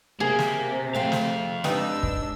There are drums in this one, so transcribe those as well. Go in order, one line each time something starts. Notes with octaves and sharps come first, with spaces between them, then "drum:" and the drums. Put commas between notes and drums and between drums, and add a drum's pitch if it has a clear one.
C3 A#3 G#4
drum: snare
F2 A3 C4 F5
drum: snare
G#3 D4 D#4 G4 B4 E6, drum: snare
drum: kick